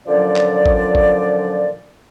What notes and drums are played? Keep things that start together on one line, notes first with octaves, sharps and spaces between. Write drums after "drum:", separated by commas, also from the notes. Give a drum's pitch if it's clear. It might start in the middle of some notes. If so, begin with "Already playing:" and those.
A#2 D3 F3 F#3 C#4 D5
drum: clap
drum: kick G#1
drum: kick G#1